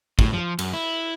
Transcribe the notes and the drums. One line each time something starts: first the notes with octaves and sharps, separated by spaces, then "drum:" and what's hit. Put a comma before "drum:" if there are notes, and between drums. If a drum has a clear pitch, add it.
A2, drum: kick
F3
F#2, drum: cymbal
E4